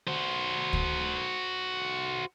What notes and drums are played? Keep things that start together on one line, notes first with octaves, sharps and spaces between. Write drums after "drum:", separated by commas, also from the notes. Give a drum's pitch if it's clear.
F#4 C5
drum: kick